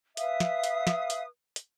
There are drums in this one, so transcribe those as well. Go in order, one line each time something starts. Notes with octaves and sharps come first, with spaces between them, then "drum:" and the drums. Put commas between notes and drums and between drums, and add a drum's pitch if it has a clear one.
B4 E5 F5 D#6, drum: hi-hat
drum: snare
drum: hi-hat
drum: snare
drum: hi-hat
drum: hi-hat